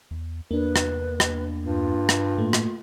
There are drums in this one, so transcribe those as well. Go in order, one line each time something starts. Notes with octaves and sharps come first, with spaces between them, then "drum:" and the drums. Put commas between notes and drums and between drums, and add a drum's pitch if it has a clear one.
E2
E2 A#3 D4 B4
drum: rim click
drum: rim click
G2 F4
drum: rim click
A2 A3 A#3
drum: rim click